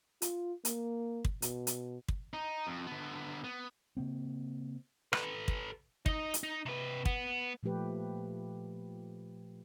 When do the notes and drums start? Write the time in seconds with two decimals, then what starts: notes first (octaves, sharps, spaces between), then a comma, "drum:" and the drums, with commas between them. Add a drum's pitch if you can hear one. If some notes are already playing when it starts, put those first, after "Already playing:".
0.22 F4, drum: hi-hat
0.65 A#3, drum: hi-hat
1.25 drum: kick
1.42 B2, drum: hi-hat
1.67 drum: hi-hat
2.08 drum: kick
2.33 D#4
2.67 F2
2.87 D3 B3
3.44 B3
3.97 C#3 A#3 C4
5.13 A4 B4, drum: rim click
5.48 drum: kick
6.06 D#4 D#5, drum: kick
6.34 drum: hi-hat
6.43 D#4
6.66 C3 B4
7.05 B3, drum: kick
7.63 A#2 F3 A3 G4 B4